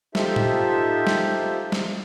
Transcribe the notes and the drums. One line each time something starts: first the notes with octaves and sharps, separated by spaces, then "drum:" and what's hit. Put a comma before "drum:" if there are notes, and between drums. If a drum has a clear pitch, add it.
D#4 F4 G4 A4 C5 E5, drum: snare
drum: tom
drum: snare
drum: snare